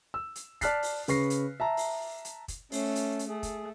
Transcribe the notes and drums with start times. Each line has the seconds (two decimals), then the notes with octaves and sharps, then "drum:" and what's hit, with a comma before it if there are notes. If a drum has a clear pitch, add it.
0.14 E6
0.35 drum: hi-hat
0.61 D5 A5 F6 F#6 B6 C7, drum: kick, hi-hat
0.83 drum: open hi-hat
1.08 C#3 B4 C#6 A#6 C7, drum: hi-hat
1.30 drum: hi-hat
1.60 E5 A5 A#5
1.77 drum: open hi-hat
2.25 drum: hi-hat
2.48 drum: kick, hi-hat
2.72 A3 C#4, drum: open hi-hat
2.96 drum: hi-hat
3.19 drum: hi-hat
3.28 A3 G#4
3.43 drum: kick, hi-hat